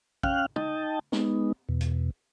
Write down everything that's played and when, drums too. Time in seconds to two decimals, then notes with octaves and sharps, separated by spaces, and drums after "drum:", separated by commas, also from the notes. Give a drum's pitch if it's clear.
0.23 C#4 F5 G5 F6 F#6, drum: kick
0.56 D#4 D#5 G5 A5, drum: tom
1.12 G#3 B3 D#4, drum: snare
1.69 E2 B2
1.81 drum: hi-hat